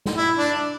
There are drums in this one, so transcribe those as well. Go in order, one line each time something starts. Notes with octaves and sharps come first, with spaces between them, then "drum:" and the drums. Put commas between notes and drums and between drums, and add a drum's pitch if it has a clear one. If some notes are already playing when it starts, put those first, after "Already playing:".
drum: snare
E4
D4